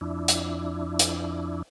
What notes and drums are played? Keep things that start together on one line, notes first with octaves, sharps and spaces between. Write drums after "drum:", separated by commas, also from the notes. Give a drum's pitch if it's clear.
F2 D4 E4
drum: hi-hat
drum: hi-hat